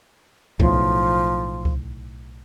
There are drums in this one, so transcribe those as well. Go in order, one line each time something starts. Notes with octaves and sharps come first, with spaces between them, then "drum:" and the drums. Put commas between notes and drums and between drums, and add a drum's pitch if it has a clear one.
B1 A2 F3, drum: kick C#2
drum: kick C#2